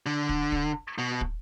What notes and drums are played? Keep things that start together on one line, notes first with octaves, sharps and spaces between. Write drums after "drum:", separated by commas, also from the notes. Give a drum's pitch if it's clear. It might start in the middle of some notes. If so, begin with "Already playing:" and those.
D3
drum: kick
drum: kick
B2
drum: kick